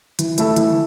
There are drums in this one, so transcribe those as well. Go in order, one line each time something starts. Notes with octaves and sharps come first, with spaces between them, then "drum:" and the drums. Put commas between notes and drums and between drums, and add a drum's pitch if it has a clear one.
E3, drum: hi-hat
A3 E4 A4, drum: hi-hat
E3, drum: hi-hat